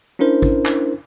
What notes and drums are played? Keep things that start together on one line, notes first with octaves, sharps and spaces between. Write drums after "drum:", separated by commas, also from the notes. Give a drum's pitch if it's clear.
C#4 D4 E4 A#4 C5
drum: kick G#1
drum: clap